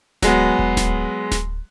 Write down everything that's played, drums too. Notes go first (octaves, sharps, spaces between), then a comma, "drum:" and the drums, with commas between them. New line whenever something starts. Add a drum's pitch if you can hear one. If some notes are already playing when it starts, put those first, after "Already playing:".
F#3 G#3 B3, drum: snare D1
drum: kick E1
drum: snare D1
drum: snare D1